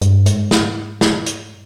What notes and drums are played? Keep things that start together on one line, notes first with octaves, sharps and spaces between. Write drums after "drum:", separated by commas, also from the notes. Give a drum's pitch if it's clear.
G2, drum: hi-hat
G#2, drum: hi-hat
drum: snare
drum: snare
drum: hi-hat